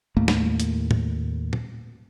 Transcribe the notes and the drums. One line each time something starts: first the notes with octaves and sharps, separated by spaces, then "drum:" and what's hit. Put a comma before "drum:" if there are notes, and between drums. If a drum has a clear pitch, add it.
D#2 A2 A3 A#3
drum: snare
drum: hi-hat
drum: tom
drum: tom A#2